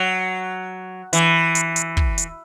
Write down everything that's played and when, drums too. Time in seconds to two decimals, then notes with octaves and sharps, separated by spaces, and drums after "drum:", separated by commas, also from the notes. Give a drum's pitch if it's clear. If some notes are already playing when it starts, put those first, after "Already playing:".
Already playing: F#3
1.13 E3, drum: hi-hat
1.55 drum: hi-hat
1.76 drum: hi-hat
1.97 drum: kick
2.18 drum: hi-hat